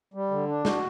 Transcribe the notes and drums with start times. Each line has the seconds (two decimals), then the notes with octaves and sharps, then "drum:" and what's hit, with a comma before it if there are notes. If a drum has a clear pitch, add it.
0.14 G3
0.31 D3
0.48 D4
0.65 F#4, drum: snare